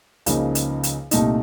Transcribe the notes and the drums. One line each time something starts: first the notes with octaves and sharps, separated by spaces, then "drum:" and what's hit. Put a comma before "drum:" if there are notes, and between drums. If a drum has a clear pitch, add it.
C#2 C#3 F3 A#3 D#4, drum: hi-hat
drum: hi-hat
drum: hi-hat
C2 A#2 A3 D#4, drum: hi-hat